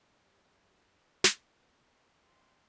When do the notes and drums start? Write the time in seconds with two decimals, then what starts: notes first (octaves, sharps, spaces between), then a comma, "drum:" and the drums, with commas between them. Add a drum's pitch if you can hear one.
0.16 F#2 C3 F#3
1.24 A#2 B3, drum: snare
2.25 E5 G5 B5 C6